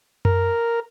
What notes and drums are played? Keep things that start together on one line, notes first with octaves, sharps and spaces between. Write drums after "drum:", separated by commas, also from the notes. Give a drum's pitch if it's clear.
A#4, drum: tom F#2